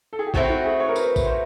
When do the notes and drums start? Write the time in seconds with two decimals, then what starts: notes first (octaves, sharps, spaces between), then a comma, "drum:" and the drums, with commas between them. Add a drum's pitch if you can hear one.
0.13 A4
0.19 G#4
0.27 G4
0.34 F#3 A3 C4 E4 F#4, drum: kick
0.50 F#4
0.65 G#4
0.80 C#5
0.89 A#4
0.96 B4, drum: tambourine
1.16 drum: kick, tambourine
1.26 C5